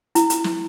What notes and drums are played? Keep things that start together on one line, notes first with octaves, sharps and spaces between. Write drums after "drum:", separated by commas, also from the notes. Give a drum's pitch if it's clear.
E4, drum: hi-hat
drum: hi-hat
drum: snare